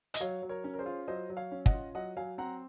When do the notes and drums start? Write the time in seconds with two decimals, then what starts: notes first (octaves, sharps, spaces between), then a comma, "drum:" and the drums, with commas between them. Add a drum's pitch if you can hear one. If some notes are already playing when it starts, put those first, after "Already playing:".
0.14 D#5, drum: hi-hat
0.21 F#3 C#5 F5
0.42 F#3
0.49 A#4 C#5
0.64 C#4
0.74 A#4
0.79 G#4 C5
0.86 F4
1.08 F#3 C5 D#5
1.30 F#3
1.37 C#5 F5
1.52 C#4
1.66 D#5 F#5, drum: kick
1.73 F4
1.95 F#3 D#5 F#5
2.17 F#3 F5 G#5
2.38 C4 F#5 A#5